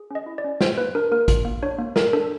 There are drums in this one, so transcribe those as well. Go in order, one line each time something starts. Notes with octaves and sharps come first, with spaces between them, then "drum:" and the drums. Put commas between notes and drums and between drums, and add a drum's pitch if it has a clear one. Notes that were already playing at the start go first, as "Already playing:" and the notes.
Already playing: G#4
C#4 D#5
E4
D5
C#4
F4 C5, drum: snare
A#3 B4
D4 A#4
A#3 A#4
F4, drum: kick A1, hi-hat
A#3
D4 C#5
A#3
A4 A#4, drum: snare
D4 A4